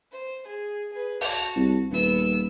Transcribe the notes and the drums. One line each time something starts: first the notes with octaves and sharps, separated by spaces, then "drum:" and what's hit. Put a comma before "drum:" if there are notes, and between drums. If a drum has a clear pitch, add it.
C5
G#4
G#4 B4
F#4 A5, drum: open hi-hat
C2
D#1 B3 E6